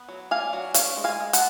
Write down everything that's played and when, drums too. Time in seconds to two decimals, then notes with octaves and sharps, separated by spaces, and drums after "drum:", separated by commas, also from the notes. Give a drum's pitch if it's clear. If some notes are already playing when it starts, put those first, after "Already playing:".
Already playing: B3
0.09 F#3
0.31 D4 F5 G#5
0.53 F#3
0.74 D4 C#5 F5, drum: hi-hat
0.97 G#3
1.04 F5 G#5
1.20 G#3
1.33 F#5 A5, drum: hi-hat